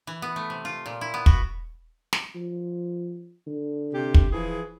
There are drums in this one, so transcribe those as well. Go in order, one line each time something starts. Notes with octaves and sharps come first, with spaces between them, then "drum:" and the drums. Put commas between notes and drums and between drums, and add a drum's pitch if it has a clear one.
E3
B3
A3
C3
F4
A#2
E4
B3
F#4, drum: kick
drum: snare
F3
D3
C3 G4
drum: kick
E3 F3 G#4